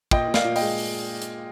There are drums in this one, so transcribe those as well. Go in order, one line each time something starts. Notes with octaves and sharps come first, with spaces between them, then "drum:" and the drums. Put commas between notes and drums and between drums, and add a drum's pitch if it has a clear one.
A#2 D#5 G5, drum: kick
A#2
D5 F5, drum: snare
A#2
D#5 G5, drum: open hi-hat
G#3
drum: open hi-hat
drum: hi-hat